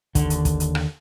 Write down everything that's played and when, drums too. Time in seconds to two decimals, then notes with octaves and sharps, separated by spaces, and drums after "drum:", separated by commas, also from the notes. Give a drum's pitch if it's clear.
0.15 D#2 D3, drum: kick, hi-hat
0.30 drum: hi-hat
0.45 drum: kick, hi-hat
0.60 drum: hi-hat
0.75 drum: rim click